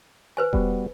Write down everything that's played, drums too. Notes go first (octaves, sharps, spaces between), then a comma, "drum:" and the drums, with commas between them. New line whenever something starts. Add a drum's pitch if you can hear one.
B4 C5 G#5
G3 B3 F#4, drum: kick E1